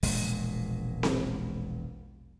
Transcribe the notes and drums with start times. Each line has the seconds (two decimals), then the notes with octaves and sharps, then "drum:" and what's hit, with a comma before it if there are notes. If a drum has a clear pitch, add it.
0.03 E1 A#1 A#2 G#3, drum: open hi-hat
1.03 drum: snare C4